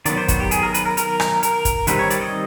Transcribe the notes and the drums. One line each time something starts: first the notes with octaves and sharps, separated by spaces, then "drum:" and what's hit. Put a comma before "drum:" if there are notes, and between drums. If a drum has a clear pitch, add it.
D#3 F#3 B3 D5, drum: hi-hat
C5
F#4, drum: kick, hi-hat
G4
G#4, drum: hi-hat
A#4
B4, drum: hi-hat
A#4
A#4, drum: hi-hat
drum: rim click
A#4, drum: hi-hat
drum: kick, hi-hat
D#3 G3 C4 B4, drum: hi-hat
C#5
D5, drum: hi-hat
D#5